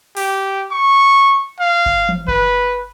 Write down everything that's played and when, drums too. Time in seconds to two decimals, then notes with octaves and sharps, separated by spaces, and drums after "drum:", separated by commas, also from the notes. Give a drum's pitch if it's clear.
0.17 G4, drum: open hi-hat
0.71 C#6
1.60 F5
1.86 drum: kick G1
2.09 drum: tom E3
2.28 B4, drum: kick G1